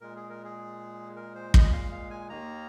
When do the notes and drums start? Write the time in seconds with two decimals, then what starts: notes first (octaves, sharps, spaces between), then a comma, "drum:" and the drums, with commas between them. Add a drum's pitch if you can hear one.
0.01 A#2 G#3 A#4
0.16 G#4
0.30 A#4
0.44 G#4
1.16 A#4
1.35 C5
1.54 D#5, drum: kick
1.73 F5
1.92 F5
2.11 G#5
2.29 D#2 D#3 A#3 A#5